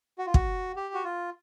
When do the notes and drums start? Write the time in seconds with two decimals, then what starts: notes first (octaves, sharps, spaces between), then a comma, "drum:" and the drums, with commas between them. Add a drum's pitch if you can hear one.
0.18 F#4
0.27 F4
0.34 F#4, drum: kick
0.76 G4
0.94 F#4
1.04 F4